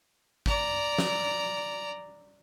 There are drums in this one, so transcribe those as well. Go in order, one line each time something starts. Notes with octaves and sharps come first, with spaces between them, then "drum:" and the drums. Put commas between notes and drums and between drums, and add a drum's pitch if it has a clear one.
D5 A#5, drum: kick
drum: snare